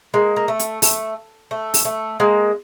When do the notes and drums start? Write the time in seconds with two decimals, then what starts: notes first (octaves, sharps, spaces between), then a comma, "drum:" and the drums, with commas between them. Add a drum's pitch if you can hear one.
0.14 G#3 A#3
0.36 A#3
0.48 A3
0.59 drum: hi-hat
0.82 A3, drum: open hi-hat
1.51 A3
1.74 drum: open hi-hat
1.85 A3
2.20 G#3 A#3